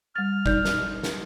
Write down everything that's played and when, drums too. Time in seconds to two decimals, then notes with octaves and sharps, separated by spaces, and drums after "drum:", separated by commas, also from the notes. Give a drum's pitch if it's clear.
0.16 G3 F6 A6
0.46 D#4 D5 G6, drum: kick F#1
0.65 drum: snare
1.03 drum: snare